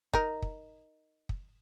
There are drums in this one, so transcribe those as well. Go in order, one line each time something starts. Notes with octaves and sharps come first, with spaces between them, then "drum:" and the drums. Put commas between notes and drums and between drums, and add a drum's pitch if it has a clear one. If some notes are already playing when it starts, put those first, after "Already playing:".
D#4 A#4, drum: kick
drum: kick
drum: kick